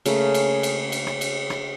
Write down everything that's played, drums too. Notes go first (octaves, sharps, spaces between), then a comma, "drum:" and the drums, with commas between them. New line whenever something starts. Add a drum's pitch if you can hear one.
C#3 A3 A#3, drum: cymbal
drum: cymbal
drum: cymbal
drum: cymbal
drum: rim click
drum: cymbal
drum: rim click